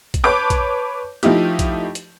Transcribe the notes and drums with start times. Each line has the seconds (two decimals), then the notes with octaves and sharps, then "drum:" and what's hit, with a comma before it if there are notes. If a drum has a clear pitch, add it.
0.14 drum: kick, hi-hat
0.24 B4 C#5 A5 D6 G6
0.50 drum: kick, hi-hat
1.23 F3 A3 D#4 E4 G4, drum: hi-hat
1.59 drum: kick, hi-hat
1.95 drum: hi-hat